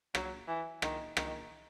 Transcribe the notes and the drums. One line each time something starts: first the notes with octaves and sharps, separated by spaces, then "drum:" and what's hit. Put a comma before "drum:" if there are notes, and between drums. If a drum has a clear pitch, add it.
F#3, drum: rim click
E3
D#3, drum: rim click
D#3, drum: rim click